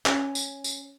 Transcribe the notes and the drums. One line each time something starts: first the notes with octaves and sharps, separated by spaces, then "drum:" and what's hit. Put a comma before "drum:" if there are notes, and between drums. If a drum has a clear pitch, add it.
C#4, drum: clap
drum: tambourine
drum: tambourine